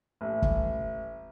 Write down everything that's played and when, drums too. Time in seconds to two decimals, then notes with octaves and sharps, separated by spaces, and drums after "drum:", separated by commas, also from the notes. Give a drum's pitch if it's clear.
0.21 A1
0.42 drum: kick F#1